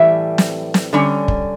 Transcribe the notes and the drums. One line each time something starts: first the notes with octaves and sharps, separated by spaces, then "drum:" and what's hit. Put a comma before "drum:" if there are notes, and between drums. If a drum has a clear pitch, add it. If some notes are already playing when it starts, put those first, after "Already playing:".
Already playing: A2 E3 G3 E5
drum: snare
drum: snare
D3 G3 C#4
drum: kick